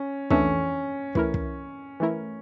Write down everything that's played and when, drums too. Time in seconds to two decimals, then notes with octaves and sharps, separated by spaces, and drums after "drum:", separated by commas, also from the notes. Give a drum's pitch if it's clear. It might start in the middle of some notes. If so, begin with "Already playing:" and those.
Already playing: C#4
0.30 F2 E3 A3 C#4 D4 A4, drum: kick
1.15 E3 A3 E4 A#4, drum: kick
1.34 drum: kick
2.00 E3 A3 E4 A#4